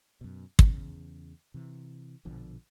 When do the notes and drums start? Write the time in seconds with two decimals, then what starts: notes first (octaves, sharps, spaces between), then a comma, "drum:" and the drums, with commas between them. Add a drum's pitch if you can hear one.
0.21 F#2 B2
0.59 E2 C#3, drum: kick
1.54 C3 E3
2.25 A#1 B2 D3 F3